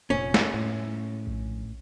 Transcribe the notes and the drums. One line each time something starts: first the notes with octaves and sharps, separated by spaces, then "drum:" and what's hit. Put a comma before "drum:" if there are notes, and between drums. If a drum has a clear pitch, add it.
F1 A#2 C#4
drum: snare
A2
A#1